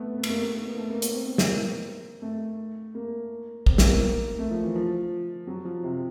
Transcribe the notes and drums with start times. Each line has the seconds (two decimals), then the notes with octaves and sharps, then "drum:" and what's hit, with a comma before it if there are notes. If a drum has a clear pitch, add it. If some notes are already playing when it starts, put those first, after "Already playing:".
Already playing: A3 B3
0.18 B3
0.23 A3, drum: cymbal
0.29 A#3
0.41 A3
0.54 A#3
0.65 B3
0.78 A3
0.90 A#3
1.02 B3, drum: hi-hat
1.14 C4
1.26 B3
1.38 A#3, drum: snare
2.22 A3
2.94 A#3
3.66 C4, drum: kick A#1
3.74 A#3
3.78 B3, drum: snare
3.91 A#3
4.38 A3
4.51 F3
4.63 E3
4.75 F3
5.47 F#3
5.65 F3
5.83 C3